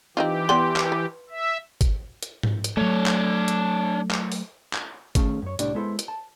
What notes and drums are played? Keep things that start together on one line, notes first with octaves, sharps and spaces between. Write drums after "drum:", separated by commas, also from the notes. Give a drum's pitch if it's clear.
E3 C4 D#4 F4 G4
B3 D5 G5 C6
drum: clap
B4
E5
drum: kick G#1, hi-hat
drum: hi-hat
drum: tom G#2
drum: hi-hat
F#3 A3 D4 C#5
drum: clap
drum: hi-hat
drum: clap
drum: open hi-hat
drum: clap
D#3 A3 C#4 G#4 F5, drum: kick G#1, hi-hat
F#2 C#5
C2 A2 D4 G4 D5, drum: hi-hat
G#3 B3 E4 A4 C5
drum: hi-hat
A5